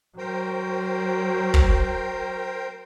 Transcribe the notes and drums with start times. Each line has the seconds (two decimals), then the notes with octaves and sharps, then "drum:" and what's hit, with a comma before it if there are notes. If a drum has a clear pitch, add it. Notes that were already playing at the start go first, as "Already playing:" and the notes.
0.18 F#3 A#4 C5 G5
1.54 drum: kick